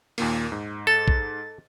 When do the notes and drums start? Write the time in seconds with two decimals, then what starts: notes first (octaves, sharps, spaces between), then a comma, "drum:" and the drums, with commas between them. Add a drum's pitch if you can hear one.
0.18 D#2 A#2 A#3, drum: open hi-hat
0.52 G#2
0.87 A4 A6
1.08 drum: kick